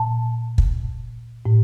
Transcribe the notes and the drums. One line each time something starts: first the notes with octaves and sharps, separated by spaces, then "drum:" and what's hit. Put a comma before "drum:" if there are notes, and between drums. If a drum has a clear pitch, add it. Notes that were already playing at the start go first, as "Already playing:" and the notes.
Already playing: A#2 A5
drum: kick
A2